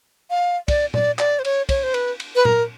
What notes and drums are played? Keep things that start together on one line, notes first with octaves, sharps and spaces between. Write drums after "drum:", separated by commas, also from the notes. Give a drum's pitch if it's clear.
F5
D5, drum: kick, cymbal
D5, drum: tom A#2
D5, drum: clap
C5
C#5, drum: cymbal
C#5, drum: kick, cymbal
C5
B4, drum: cymbal
drum: cymbal
B4
A#4, drum: tom A#2